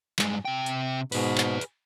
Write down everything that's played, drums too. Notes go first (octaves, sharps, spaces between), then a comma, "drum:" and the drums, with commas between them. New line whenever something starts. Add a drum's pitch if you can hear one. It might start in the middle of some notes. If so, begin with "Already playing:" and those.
G2 G#3, drum: clap
C3 G5
drum: hi-hat
G#2 B2 G#4 B4, drum: open hi-hat
drum: clap
drum: hi-hat